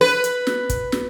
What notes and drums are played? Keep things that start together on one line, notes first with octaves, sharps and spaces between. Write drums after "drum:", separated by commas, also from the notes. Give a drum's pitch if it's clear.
B4
drum: hi-hat
drum: snare
drum: kick, hi-hat
drum: snare